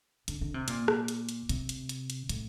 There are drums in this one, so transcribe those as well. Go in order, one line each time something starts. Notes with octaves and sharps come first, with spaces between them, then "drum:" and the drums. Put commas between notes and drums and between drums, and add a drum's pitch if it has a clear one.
D3, drum: hi-hat
D3
C3
A#2, drum: hi-hat
drum: rim click
drum: hi-hat
drum: hi-hat
C3, drum: hi-hat
drum: hi-hat
drum: hi-hat
drum: hi-hat
A2, drum: hi-hat